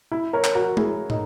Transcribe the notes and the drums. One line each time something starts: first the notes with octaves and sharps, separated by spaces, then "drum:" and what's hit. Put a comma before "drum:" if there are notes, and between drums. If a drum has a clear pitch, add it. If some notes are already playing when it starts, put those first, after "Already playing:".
E4
A#4 C#5
drum: clap
F#4 A#4
E4 G#4, drum: tom G#3
D#4, drum: tom